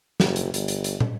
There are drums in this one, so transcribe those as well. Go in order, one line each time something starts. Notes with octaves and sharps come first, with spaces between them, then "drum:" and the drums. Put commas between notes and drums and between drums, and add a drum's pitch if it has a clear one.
F#1, drum: snare
drum: hi-hat
G1, drum: hi-hat
drum: hi-hat
drum: hi-hat
drum: tom